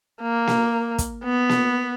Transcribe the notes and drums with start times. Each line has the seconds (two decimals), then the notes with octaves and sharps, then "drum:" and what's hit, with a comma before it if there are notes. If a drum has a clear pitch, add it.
0.22 A#3
0.47 drum: snare A#3
0.98 drum: kick, hi-hat
1.24 B3
1.49 drum: snare A#3